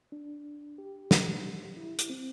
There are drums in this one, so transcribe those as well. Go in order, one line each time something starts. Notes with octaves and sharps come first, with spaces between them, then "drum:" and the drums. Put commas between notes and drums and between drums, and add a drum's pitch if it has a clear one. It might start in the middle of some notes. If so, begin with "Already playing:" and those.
D4
G4
drum: snare
E4
drum: hi-hat
C4